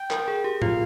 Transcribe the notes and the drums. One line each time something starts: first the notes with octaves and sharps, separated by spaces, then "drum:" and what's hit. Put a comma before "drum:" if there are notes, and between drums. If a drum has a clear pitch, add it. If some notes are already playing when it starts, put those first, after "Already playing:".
Already playing: G5
A#4, drum: clap
G#4
G4
F4 F5, drum: tom A2